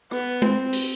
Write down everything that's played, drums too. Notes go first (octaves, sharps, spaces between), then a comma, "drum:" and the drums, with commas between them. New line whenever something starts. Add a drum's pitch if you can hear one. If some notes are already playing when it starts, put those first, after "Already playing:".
B3, drum: rim click
C4, drum: tom G#3
drum: open hi-hat